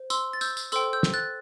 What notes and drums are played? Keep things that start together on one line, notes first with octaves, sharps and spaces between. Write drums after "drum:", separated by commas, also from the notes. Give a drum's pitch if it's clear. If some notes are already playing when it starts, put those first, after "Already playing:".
Already playing: C5
C6 E6, drum: tambourine
A6
E6 G6, drum: tambourine
drum: tambourine
A4 C5 G5 C6 E6, drum: tambourine
E6 G6
drum: snare
F#6 A6